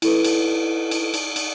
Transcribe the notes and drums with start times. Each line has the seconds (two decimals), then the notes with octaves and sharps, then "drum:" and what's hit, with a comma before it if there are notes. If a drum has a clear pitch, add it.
0.02 E4 A4 B4, drum: cymbal
0.24 drum: cymbal
0.91 drum: cymbal
1.14 drum: cymbal
1.36 drum: cymbal